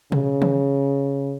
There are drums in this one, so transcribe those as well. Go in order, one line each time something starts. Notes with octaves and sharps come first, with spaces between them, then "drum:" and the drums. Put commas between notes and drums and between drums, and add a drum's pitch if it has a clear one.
C#3, drum: tom B2
drum: tom D#3